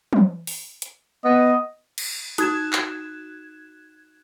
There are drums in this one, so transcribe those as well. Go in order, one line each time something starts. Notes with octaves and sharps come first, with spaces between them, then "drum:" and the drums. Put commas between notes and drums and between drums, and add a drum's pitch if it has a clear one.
drum: tom
drum: open hi-hat
drum: hi-hat
B3 D#5
drum: cymbal
D#4 F#4 D#6 F#6 G#6 E7, drum: hi-hat
drum: clap